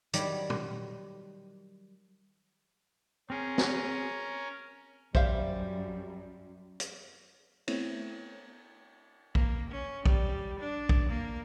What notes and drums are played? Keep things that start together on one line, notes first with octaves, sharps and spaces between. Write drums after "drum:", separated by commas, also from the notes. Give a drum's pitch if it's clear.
D#3 F#3 G3 D5 B5, drum: hi-hat
drum: tom
C4 C#4 G#4 A#4
drum: snare
F#2 G3 C5 E5 F5, drum: kick A#1
drum: hi-hat
A3 B3 C4 E4 C#5, drum: cymbal
A#3, drum: kick A#1
C#4
G3, drum: kick A#1
D4
drum: kick A#1
A#3